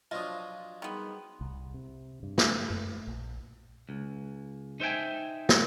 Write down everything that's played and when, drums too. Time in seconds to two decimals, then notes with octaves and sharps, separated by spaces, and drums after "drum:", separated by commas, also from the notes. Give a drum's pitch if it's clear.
0.11 F3 F#3 D4 F4 D#5 D#6
0.82 D#3 G3 B3 G#4 C6
1.41 C2
1.74 C3
2.23 G2
2.38 drum: snare
2.70 F#2 A3
3.07 A#1
3.89 C#2
4.80 D#4 C5 E5 G5 G#5
5.49 drum: snare